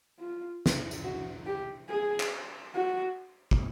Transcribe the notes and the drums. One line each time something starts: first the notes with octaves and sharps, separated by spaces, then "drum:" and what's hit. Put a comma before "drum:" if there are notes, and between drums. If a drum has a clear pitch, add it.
F4
drum: snare
drum: tambourine
F#4
G4
G#4
drum: clap
F#4
drum: kick